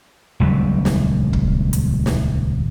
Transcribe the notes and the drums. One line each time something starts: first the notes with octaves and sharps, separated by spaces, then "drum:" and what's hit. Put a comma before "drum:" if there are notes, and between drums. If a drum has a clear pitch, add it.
D#1 C#2 F#3 G3
drum: snare
drum: kick
drum: hi-hat
drum: snare